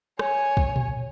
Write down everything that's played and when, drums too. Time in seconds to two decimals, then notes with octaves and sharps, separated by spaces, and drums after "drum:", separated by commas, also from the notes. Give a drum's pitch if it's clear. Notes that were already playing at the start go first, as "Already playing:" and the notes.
0.19 C#5 G#5, drum: rim click
0.57 drum: kick
0.76 drum: tom A#2